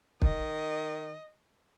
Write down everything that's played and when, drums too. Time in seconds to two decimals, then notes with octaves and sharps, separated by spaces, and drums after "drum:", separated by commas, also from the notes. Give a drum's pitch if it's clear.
0.22 D#3 D#5, drum: kick